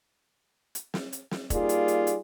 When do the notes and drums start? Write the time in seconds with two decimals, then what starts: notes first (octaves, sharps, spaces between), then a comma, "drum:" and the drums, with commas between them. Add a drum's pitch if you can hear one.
0.75 drum: hi-hat
0.94 drum: snare
1.13 drum: hi-hat
1.31 drum: snare
1.50 G3 A#3 D#4 F4 G#4 D5, drum: kick, hi-hat
1.69 drum: hi-hat
1.88 drum: hi-hat
2.07 drum: hi-hat